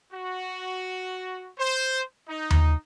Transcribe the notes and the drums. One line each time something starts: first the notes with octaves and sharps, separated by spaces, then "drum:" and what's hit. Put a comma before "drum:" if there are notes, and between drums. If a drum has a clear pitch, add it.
F#4
C5
D#4
drum: tom D#2